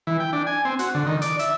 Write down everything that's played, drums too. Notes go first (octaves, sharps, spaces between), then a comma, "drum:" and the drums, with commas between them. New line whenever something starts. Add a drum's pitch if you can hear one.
E3
G5
D4
G#5
C4
F#4, drum: hi-hat
D3
D#3
D5, drum: hi-hat
E5, drum: hi-hat